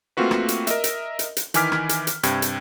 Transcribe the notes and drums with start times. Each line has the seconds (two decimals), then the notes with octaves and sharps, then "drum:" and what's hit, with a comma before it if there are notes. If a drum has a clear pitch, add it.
0.17 A3 A#3 C4 F4 F#4 B4
0.31 drum: rim click
0.48 drum: hi-hat
0.67 A#4 D#5 E5, drum: hi-hat
0.84 drum: hi-hat
1.19 drum: hi-hat
1.37 drum: hi-hat
1.54 D#3 E3 G#5 D6 F6 B6, drum: hi-hat
1.72 drum: rim click
1.89 drum: hi-hat
2.07 drum: hi-hat
2.23 G2 C3 G5 G#6, drum: hi-hat
2.42 drum: hi-hat